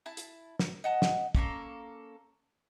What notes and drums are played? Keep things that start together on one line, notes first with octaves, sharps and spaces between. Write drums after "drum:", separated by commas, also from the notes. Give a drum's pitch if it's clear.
E4 A5
drum: hi-hat
drum: snare
D#5 F#5 A5
drum: snare
A#3 C#4 A4 A#4, drum: kick